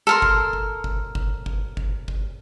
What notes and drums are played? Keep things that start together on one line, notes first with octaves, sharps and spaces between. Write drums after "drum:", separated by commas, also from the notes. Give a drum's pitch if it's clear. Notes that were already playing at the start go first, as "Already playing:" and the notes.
A4 A#4 C6
drum: kick G1
drum: kick G1
drum: kick G1
drum: kick G1
drum: kick G1
drum: kick G1
drum: kick G1